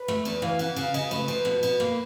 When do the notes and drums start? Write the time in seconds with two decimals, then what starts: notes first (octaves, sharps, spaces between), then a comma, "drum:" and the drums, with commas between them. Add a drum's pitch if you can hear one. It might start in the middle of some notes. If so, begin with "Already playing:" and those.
Already playing: B4
0.08 A3, drum: rim click
0.25 E2, drum: cymbal
0.42 E3 F5, drum: rim click
0.59 C#3 F#5, drum: cymbal
0.76 C#3 F5, drum: cymbal
0.94 C#3 D#5, drum: cymbal
1.11 A3 B4, drum: cymbal
1.28 F3, drum: cymbal
1.45 B2 B4, drum: rim click
1.63 B2, drum: cymbal
1.80 A#3, drum: rim click